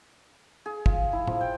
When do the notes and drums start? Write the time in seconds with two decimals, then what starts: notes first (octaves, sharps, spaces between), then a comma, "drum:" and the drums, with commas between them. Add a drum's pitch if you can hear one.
0.66 G#4
0.86 F4, drum: kick
1.13 E4
1.27 F3, drum: tom A2
1.41 G5